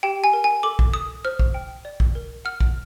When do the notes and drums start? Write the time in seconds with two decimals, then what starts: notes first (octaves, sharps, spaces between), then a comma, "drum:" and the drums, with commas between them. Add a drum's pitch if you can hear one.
0.03 G4 G5
0.24 G#5
0.33 A#4
0.44 G#5
0.63 A4 D6
0.79 drum: kick
0.94 A4 D#6
1.25 C5 F6
1.39 drum: kick
1.54 G5
1.85 D5
2.00 drum: kick
2.15 A#4
2.45 F#5 F6
2.60 drum: kick